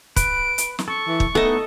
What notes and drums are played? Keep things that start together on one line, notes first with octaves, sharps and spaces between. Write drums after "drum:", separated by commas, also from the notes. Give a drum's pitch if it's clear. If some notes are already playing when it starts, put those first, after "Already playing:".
B4 D7, drum: kick, hi-hat
drum: hi-hat
drum: snare
A4 C#6
E3
drum: kick
A3 B3 D#4 E4 A4 D#5